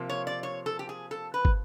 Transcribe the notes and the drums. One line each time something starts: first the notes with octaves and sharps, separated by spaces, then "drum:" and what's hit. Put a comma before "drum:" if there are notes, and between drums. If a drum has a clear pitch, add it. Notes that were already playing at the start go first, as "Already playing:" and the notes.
Already playing: C3 F3 A#3
C#5
D5
C#5
A4
G4
G#4
A4
B4
drum: kick